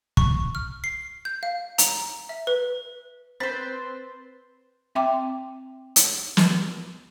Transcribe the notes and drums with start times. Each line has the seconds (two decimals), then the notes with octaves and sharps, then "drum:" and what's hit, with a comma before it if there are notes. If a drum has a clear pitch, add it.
0.17 C#6, drum: kick
0.55 F6
0.84 C7
1.25 G6
1.43 F5
1.78 A#5, drum: hi-hat
2.29 E5
2.47 B4
3.40 C4 B4 C5 A6
4.95 C4 E5 G5 C6 D6
5.96 drum: hi-hat
6.37 drum: snare